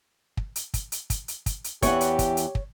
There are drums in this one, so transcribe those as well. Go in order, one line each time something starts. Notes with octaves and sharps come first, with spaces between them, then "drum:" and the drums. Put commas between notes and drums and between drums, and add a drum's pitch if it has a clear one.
drum: kick
drum: hi-hat
drum: kick, hi-hat
drum: hi-hat
drum: kick, hi-hat
drum: hi-hat
drum: kick, hi-hat
drum: hi-hat
E2 E3 G4 C#5 F#5, drum: kick, hi-hat
drum: hi-hat
drum: kick, hi-hat
drum: hi-hat
drum: kick